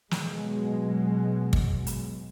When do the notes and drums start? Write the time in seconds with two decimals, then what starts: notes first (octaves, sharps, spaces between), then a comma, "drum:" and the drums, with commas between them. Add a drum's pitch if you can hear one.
0.11 B2 F#3 G#3, drum: snare
1.53 drum: kick
1.87 drum: hi-hat